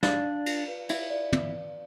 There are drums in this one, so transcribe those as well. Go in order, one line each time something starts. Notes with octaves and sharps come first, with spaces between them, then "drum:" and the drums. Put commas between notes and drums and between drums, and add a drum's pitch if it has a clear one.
D4 F5, drum: snare
D5
F4, drum: cymbal
B4
E4 F5, drum: cymbal
D5
F4, drum: tom
B4